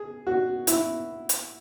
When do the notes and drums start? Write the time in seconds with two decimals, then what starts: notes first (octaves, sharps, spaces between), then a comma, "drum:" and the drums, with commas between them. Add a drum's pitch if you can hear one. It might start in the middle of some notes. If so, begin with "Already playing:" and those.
Already playing: G#4
0.27 F#4
0.67 E4, drum: hi-hat
1.29 drum: hi-hat